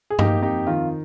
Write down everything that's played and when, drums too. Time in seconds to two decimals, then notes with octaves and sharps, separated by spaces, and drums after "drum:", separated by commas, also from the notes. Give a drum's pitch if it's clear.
0.10 G#4
0.19 A#3 D#4 G4, drum: tom G2
0.42 F2 D#4 G4
0.67 D#3 F4